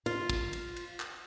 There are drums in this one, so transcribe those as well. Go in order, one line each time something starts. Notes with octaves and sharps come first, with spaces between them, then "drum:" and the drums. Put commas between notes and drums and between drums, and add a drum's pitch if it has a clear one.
F4, drum: cymbal
drum: kick, cymbal
drum: cymbal
drum: cymbal
drum: clap